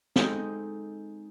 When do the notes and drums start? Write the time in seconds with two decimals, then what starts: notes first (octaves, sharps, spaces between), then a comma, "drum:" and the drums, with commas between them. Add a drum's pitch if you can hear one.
0.16 G#3 C4 D#4 A4, drum: snare